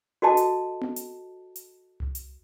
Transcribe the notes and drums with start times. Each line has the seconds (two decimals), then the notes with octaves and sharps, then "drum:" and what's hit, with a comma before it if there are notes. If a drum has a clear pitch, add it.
0.22 F#4 A4 D#5 A5
0.37 drum: hi-hat
0.81 drum: tom B3
0.96 drum: hi-hat
1.56 drum: hi-hat
2.00 drum: tom C2
2.15 drum: hi-hat